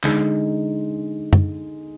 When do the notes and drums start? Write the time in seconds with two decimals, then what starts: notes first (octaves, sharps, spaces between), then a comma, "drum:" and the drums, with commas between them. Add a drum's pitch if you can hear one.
0.03 D3 G#3 D#4, drum: clap
1.33 drum: tom F#2